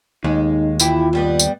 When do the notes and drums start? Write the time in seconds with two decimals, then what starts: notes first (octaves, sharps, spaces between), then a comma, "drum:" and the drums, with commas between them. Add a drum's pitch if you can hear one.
0.24 D#2 G#3 D#4
0.80 E3 E4 F4 G4, drum: tambourine
1.13 G2 G3 B3
1.39 drum: tambourine